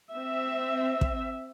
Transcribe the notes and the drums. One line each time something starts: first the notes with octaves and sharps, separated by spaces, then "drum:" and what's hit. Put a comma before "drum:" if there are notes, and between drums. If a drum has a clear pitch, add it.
C4 E5
drum: kick